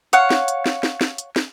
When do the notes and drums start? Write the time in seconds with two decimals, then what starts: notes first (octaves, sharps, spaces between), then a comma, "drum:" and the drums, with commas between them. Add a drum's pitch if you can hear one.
0.13 C#5 F5 F#5, drum: hi-hat
0.31 drum: snare
0.48 drum: hi-hat
0.66 drum: snare
0.83 drum: snare
1.01 drum: snare
1.18 drum: hi-hat
1.36 drum: snare